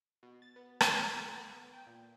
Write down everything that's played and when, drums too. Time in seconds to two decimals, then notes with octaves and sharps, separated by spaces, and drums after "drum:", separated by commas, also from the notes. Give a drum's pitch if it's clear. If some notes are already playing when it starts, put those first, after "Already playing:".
0.23 B2
0.42 A6
0.56 B3
0.81 C#2, drum: rim click
0.98 B6
1.15 A3
1.35 B3
1.74 G5
1.87 A#2